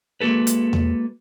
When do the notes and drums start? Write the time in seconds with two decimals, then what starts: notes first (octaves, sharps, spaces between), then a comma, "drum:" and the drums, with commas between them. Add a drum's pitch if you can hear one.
0.20 G#3 A#3 F#4 A4 B4
0.47 drum: hi-hat
0.73 drum: tom E2